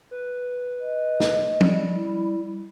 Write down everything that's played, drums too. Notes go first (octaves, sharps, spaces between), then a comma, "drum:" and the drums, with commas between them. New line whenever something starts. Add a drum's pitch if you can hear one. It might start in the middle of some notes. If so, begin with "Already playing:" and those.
B4
D#5
drum: snare
G3, drum: tom F3
E4